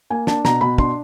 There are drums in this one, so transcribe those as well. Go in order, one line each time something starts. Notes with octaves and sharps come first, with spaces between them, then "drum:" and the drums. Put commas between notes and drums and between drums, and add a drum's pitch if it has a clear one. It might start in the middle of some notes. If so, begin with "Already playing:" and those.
A#3 G#5
D4 A5, drum: snare
B2 A#5, drum: snare
B2 B5
D4 C6, drum: kick